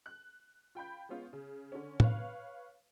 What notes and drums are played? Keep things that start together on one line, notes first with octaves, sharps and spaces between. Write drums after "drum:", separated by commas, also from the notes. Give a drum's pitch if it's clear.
F#6
F4 G5 B5 G6
G#3 B3 C#4 F4
C#3
D3 C#4
B4 C#5 F5, drum: tom A2